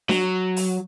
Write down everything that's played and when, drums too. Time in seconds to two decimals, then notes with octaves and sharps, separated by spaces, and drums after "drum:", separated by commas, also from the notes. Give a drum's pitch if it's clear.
0.09 F#3, drum: snare D4
0.57 drum: open hi-hat